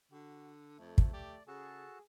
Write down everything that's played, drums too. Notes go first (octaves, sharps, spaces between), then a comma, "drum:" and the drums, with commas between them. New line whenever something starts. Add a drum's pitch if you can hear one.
D3 F#4
F2 A3
drum: kick
G4 D5
C#3 F#4 G#4 A4 A5